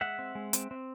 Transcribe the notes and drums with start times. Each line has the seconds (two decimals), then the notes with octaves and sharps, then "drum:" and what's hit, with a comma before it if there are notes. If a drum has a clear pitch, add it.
0.01 G#3 E5 F#5
0.19 C4
0.35 G#3
0.53 C4, drum: hi-hat
0.71 C4